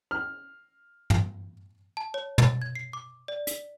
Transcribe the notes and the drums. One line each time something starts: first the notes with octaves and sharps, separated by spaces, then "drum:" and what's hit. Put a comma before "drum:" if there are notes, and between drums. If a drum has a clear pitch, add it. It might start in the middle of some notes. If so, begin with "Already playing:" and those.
F6
drum: tom
A5
C#5
A6, drum: tom
G#6
C7
D6
D5
B6, drum: hi-hat